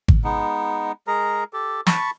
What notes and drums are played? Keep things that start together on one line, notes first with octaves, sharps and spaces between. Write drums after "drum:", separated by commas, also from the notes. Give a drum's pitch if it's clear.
drum: kick G#1
G#3 B3 D#4
G#3 G#4 A#4 A#5
G4 A4
A5 B5 C#6, drum: snare